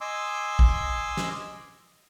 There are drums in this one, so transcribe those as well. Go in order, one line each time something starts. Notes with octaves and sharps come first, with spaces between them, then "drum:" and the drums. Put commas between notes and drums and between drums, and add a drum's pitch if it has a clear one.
D#5 G#5 C6 D6 E6
drum: kick
drum: snare